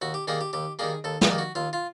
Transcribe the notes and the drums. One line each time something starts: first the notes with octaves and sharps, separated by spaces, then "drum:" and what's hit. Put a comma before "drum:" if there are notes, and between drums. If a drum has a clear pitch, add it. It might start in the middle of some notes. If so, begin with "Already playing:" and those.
D#2 F#4
G4
D#3 G3 A#3 G#4
G4
D#2 G4
D#3 G3 A#3 G#4
D#2 A4
G#4, drum: snare
D#3 G3 A#3
F#4
D#2 F4
F4